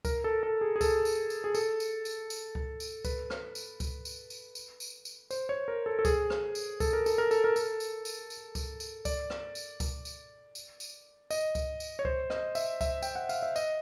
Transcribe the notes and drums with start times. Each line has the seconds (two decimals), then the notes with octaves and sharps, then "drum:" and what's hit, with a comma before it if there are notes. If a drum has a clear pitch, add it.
0.05 A#4, drum: kick C#2, tambourine
0.24 A4
0.43 A4
0.61 G#4
0.76 G#4
0.81 A4, drum: kick C#2, tambourine
1.05 drum: tambourine
1.30 drum: tambourine
1.44 G#4
1.55 A4, drum: tambourine
1.80 drum: tambourine
2.05 drum: tambourine
2.30 drum: tambourine
2.55 drum: kick C#2
2.80 drum: tambourine
3.05 B4, drum: kick C#2, tambourine
3.30 drum: rim click
3.55 drum: tambourine
3.80 drum: kick C#2, tambourine
4.05 drum: tambourine
4.30 drum: tambourine
4.55 drum: tambourine
4.80 drum: tambourine
5.05 drum: tambourine
5.30 C5, drum: tambourine
5.49 C#5
5.68 A#4
5.86 A4
5.99 A4
6.05 G#4, drum: kick C#2, tambourine
6.30 drum: rim click
6.55 drum: tambourine
6.80 A4, drum: kick C#2, tambourine
6.93 A#4
7.06 A4, drum: tambourine
7.18 A#4
7.31 A4, drum: tambourine
7.44 A#4
7.56 A4, drum: tambourine
7.80 drum: tambourine
8.05 drum: tambourine
8.30 drum: tambourine
8.55 drum: kick C#2, tambourine
8.80 drum: tambourine
9.05 D5, drum: kick C#2, tambourine
9.30 drum: rim click
9.55 drum: tambourine
9.80 drum: kick C#2, tambourine
10.05 drum: tambourine
10.55 drum: tambourine
10.80 drum: tambourine
11.31 D#5, drum: tambourine
11.55 drum: kick C#2, tambourine
11.80 drum: tambourine
11.99 C#5
12.05 C5, drum: kick C#2
12.30 D#5, drum: rim click
12.55 E5, drum: tambourine
12.81 E5, drum: kick C#2, tambourine
13.02 G5, drum: tambourine
13.15 F#5
13.29 F5, drum: tambourine
13.43 E5
13.56 D#5, drum: tambourine